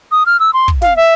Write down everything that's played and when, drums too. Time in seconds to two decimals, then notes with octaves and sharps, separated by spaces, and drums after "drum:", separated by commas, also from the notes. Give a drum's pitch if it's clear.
0.12 D#6
0.26 F6
0.40 E6
0.53 C6
0.68 drum: kick
0.82 F5, drum: snare
0.96 E5